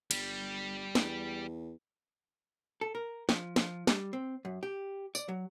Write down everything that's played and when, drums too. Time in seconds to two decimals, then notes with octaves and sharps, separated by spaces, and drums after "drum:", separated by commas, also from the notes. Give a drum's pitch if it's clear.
0.11 G1 G3, drum: cymbal
0.95 E2, drum: snare
2.81 A4
2.95 A#4
3.29 F3, drum: snare
3.56 F3, drum: snare
3.87 G3, drum: snare
4.13 C4
4.45 F#2
4.63 G4
5.15 D5, drum: tambourine
5.28 F#3